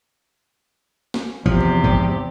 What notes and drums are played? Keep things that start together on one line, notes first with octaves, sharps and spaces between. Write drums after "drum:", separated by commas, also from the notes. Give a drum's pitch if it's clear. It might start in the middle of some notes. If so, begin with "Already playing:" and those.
drum: snare
E2 C3 F3 G4, drum: kick
drum: tom D#3
G#2 F3, drum: kick